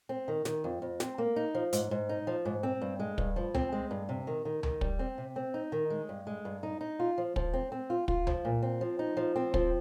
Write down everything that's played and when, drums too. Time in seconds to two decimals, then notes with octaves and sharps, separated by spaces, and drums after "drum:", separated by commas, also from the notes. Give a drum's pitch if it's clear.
0.09 C4
0.28 D#3
0.45 D#3, drum: snare
0.64 F2
0.82 F2
1.00 C4, drum: snare
1.18 A#3
1.36 D#4
1.55 F3
1.73 G#2, drum: hi-hat
1.91 G#2
2.09 D#4
2.27 F3
2.45 G#2
2.63 C4
2.82 G2
3.00 G#3
3.18 G2, drum: kick
3.36 F3
3.54 C4, drum: tom C#2
3.72 G#3
3.91 G2
4.09 C3
4.27 D#3
4.45 D#3
4.63 D#3, drum: tom C#2
4.81 G3, drum: kick
4.99 C4
5.18 C3
5.36 C4
5.54 D#4
5.72 D#3
5.90 G#3
6.09 G2
6.27 G#3
6.45 G2
6.63 D#4
6.81 D#4
7.00 F4
7.18 F3
7.36 F3, drum: kick
7.53 C4
7.72 C4
7.90 F4
8.08 F4, drum: kick
8.27 F3, drum: tom C#2
8.45 A#2
8.62 C4
8.81 F3
8.99 D#4
9.17 F3
9.36 C4
9.54 F3, drum: kick